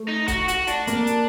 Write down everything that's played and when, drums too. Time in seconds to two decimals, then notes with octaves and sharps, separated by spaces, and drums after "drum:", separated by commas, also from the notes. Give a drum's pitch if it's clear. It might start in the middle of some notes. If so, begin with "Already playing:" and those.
Already playing: A3
0.08 D#4
0.28 F#4, drum: kick, hi-hat
0.48 F#4, drum: hi-hat
0.67 D4, drum: hi-hat
0.87 A#3, drum: hi-hat
1.07 drum: hi-hat